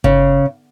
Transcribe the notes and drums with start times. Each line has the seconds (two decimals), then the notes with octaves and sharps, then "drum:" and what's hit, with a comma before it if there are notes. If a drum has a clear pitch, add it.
0.04 C#3, drum: kick G1